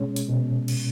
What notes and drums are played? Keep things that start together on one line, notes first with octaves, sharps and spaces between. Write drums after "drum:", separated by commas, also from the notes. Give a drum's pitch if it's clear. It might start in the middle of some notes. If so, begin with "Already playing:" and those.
Already playing: B2 G#3 C#4 C#5
drum: hi-hat
B2
drum: cymbal